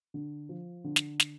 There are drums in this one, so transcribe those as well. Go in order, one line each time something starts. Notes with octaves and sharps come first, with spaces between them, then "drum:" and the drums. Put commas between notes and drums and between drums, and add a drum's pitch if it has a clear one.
D3
F3
D3
drum: snare
drum: snare